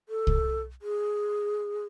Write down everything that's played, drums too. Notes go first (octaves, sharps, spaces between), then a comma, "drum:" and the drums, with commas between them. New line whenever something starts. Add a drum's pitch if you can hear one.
A4
drum: kick C2
G#4